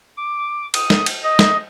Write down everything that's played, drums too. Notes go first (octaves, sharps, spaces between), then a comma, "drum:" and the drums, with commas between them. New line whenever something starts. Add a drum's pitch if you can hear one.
D6
D#6, drum: cymbal
drum: snare
drum: cymbal
D#5
drum: snare